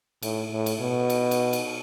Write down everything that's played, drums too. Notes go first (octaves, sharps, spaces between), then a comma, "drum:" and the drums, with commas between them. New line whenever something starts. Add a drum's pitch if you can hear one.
A2, drum: cymbal
A2
drum: cymbal
B2
drum: cymbal
drum: cymbal
drum: cymbal